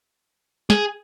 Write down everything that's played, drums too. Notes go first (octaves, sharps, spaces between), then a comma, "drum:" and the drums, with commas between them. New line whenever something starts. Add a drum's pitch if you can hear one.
G#4, drum: snare